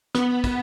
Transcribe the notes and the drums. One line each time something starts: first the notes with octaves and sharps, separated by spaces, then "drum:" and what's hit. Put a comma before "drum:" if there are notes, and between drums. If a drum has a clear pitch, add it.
B3, drum: snare
drum: kick, cymbal